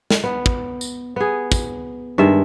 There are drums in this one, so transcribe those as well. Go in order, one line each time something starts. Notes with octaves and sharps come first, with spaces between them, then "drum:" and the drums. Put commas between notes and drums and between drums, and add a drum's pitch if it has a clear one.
drum: snare
B3
drum: kick
drum: tambourine
B3 G#4
drum: kick, tambourine
G2 D#3 G#3 E5